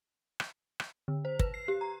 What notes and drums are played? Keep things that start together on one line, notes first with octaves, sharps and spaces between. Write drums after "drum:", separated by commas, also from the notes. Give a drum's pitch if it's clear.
drum: rim click
drum: rim click
D3
C5
B4, drum: kick
C7
G4
A#5